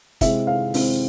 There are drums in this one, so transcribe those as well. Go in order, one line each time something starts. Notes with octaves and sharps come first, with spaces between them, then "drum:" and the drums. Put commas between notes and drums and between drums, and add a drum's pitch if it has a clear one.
C3 G#3 C4 E4 E5, drum: kick, hi-hat
F5
C3 G#3 C4 E4, drum: open hi-hat